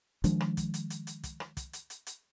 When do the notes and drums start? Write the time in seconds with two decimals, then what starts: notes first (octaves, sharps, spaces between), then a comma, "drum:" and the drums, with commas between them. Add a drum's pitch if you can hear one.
0.24 D#3 F3 G#3 D4, drum: kick, hi-hat
0.40 drum: rim click
0.57 drum: kick, hi-hat
0.74 drum: hi-hat
0.90 drum: hi-hat
1.07 drum: hi-hat
1.24 drum: kick, hi-hat
1.40 drum: rim click
1.57 drum: kick, hi-hat
1.73 drum: hi-hat
1.90 drum: hi-hat
2.07 drum: hi-hat